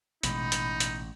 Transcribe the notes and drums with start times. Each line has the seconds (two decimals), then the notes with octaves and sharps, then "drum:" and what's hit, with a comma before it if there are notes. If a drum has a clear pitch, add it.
0.23 A1 B2 G#3 D#4 B5, drum: hi-hat
0.52 drum: hi-hat
0.80 drum: hi-hat